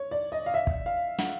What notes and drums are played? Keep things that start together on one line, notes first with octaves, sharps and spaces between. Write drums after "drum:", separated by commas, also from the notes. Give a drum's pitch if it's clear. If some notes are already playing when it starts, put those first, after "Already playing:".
Already playing: C#5
D5
D#5
F5
E5
drum: kick
F5
F#5, drum: snare